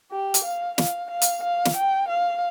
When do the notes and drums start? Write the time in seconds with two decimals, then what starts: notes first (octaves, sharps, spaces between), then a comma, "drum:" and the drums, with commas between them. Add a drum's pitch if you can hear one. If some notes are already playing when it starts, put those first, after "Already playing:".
0.12 G4
0.34 drum: hi-hat
0.45 F5
0.78 F5, drum: snare
1.11 F5
1.22 drum: hi-hat
1.43 F5
1.65 drum: snare
1.77 G5
2.09 F5